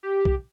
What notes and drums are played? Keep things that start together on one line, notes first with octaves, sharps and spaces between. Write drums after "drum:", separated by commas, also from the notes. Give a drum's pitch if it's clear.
G4
drum: kick